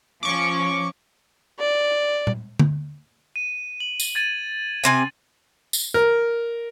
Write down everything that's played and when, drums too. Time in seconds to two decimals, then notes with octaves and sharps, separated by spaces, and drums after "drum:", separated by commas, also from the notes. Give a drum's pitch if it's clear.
0.23 F3 C#4 C#6 D6
1.59 D5
2.27 drum: tom A#2
2.59 drum: tom
3.36 D#7
3.80 F#7
4.00 drum: tambourine
4.15 G#6 A6 D#7
4.84 C3 C4 G#5
5.73 drum: tambourine
5.94 A#4